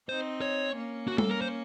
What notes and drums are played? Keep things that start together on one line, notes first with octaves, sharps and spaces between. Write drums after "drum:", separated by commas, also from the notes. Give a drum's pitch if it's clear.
C4 D#4 C5
C#5
A#3 C#4
F#4
A4, drum: tom G3
A#4
C5